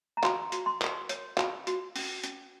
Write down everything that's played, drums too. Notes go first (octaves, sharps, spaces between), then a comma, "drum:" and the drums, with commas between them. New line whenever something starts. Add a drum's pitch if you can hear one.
A#5
F#4 C6, drum: clap
F#4, drum: hi-hat
C6
A#4, drum: clap
C#5, drum: hi-hat
F#4, drum: clap
F#4, drum: hi-hat
C#4, drum: open hi-hat
C#4, drum: hi-hat